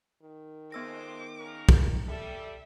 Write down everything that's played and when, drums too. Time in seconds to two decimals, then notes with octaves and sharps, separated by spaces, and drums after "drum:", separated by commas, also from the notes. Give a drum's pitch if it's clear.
0.23 D#3
0.72 F2 G#3 B3 C5 D6 E6 A#6
1.39 C#3 A#4
1.69 drum: kick
2.07 G3 A4 E5